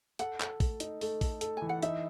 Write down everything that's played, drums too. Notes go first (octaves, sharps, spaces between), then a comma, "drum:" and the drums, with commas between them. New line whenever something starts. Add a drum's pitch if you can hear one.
A4 F#5, drum: hi-hat
A4, drum: clap
A3, drum: kick, open hi-hat
D#4, drum: hi-hat
A3, drum: open hi-hat
A4, drum: kick, open hi-hat
A4, drum: hi-hat
E3 G#5
F#5
D#4 E5, drum: hi-hat